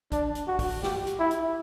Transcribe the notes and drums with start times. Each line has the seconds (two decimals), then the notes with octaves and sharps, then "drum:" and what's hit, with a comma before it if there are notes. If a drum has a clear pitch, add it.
0.12 D4, drum: kick, hi-hat
0.35 drum: hi-hat
0.47 F#4
0.59 drum: kick, open hi-hat
0.83 G4, drum: snare
1.07 drum: hi-hat
1.19 E4
1.31 drum: hi-hat